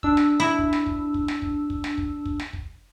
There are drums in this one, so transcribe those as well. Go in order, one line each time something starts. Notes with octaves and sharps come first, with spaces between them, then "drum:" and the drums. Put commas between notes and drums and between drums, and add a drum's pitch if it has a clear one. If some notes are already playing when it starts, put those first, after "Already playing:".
D4 E6, drum: kick
drum: snare
E4
drum: kick
drum: snare
drum: kick
drum: kick
drum: snare
drum: kick
drum: kick
drum: snare
drum: kick
drum: kick
drum: snare
drum: kick